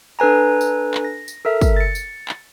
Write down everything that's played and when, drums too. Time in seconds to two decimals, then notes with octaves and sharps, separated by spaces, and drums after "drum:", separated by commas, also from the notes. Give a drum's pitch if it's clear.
0.19 D4 A4 B4 G#5 A#5
0.61 drum: tambourine
0.94 drum: clap
1.04 A#6
1.28 drum: tambourine
1.45 A4 A#4 E5
1.61 drum: kick, tambourine
1.77 A6 C#7
1.95 drum: tambourine
2.29 drum: clap